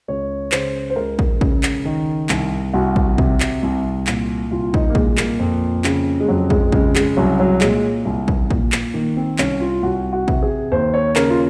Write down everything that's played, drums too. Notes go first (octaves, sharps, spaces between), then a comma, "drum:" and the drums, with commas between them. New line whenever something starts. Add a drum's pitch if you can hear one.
C#2 C#5
C#3 C5, drum: clap
C5
C#2 A#4
drum: kick
C#3, drum: kick
drum: clap
D#3
C2, drum: clap
C2 F#4
drum: kick
C3, drum: kick
drum: clap
C2
A#2, drum: clap
C2 F4
D#4, drum: kick
A#3
A#2 G#3, drum: kick
A#3, drum: clap
F2
C#3, drum: clap
G#3
F2 F#3
G#3, drum: kick
C#3 G#3, drum: kick
G#3, drum: clap
C2 F#3
F#3
A#2 G#3, drum: clap
C2
drum: kick
A#2, drum: kick
drum: clap
D#3 A#3
C4
C2 C#4, drum: clap
F4
C2 F#4
F#4
C3, drum: kick
G#4
D#2 C5
C#5
C#3 A#4, drum: clap
F4